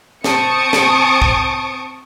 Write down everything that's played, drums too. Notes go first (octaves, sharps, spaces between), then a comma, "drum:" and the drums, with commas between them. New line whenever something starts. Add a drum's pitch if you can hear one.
C4 A5 C#6 D#6 C#7 D7, drum: snare
drum: snare
drum: kick